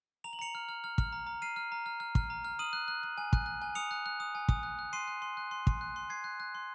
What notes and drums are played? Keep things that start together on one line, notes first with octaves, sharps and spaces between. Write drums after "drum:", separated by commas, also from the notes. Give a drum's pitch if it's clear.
A#5 F7
F#7
A#5 C#7 F7
F6
F6
F6
F6, drum: kick
A#5
A#5
F6 C7 D#7
F6
A#5
F6
F6
F6, drum: kick
A#5
F6
D#6 D#7 F#7
F#6
F#6
F#6
G#5
F#6, drum: kick
F#6
G#5
D#6 C#7 F7
F#6
F#6
D#6
G#5
D#6, drum: kick
F#6
F#6
C6 C7 D#7
F#6
C6
F#6
C6
C6, drum: kick
F#6
C6
C6 G#6 C7
F#6
F#6
C6